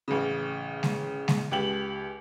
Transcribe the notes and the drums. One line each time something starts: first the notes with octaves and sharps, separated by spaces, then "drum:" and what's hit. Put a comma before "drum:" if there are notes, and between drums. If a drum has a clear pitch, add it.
A1 C#3
drum: snare
drum: snare
C#2 G4 F#7